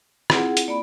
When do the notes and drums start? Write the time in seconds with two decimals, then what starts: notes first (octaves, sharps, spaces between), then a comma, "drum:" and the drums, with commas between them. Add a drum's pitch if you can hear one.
0.30 C4 E4 F4 G#4 F#5, drum: rim click
0.57 drum: hi-hat
0.68 A#3 D5 B5